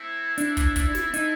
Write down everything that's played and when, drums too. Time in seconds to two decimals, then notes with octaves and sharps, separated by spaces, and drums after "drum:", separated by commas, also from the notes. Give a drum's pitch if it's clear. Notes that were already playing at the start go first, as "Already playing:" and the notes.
Already playing: A3 C4 E4 A4
0.38 D4, drum: hi-hat
0.57 drum: kick, hi-hat
0.76 drum: kick, hi-hat
0.95 drum: snare
1.14 D#4, drum: hi-hat